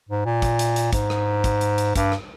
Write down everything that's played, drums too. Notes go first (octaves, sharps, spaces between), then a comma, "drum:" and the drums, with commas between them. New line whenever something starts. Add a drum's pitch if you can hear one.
G#2
A#2
drum: kick, hi-hat
drum: hi-hat
drum: hi-hat
G#2, drum: kick, hi-hat
drum: rim click
drum: kick, hi-hat
drum: hi-hat
drum: hi-hat
G2, drum: kick, hi-hat
drum: rim click